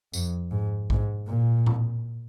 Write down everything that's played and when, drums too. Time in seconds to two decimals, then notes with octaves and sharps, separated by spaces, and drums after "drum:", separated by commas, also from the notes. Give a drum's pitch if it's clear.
0.13 F2, drum: tambourine
0.51 G#2
0.90 G#2, drum: kick
1.28 A#2
1.66 drum: tom A2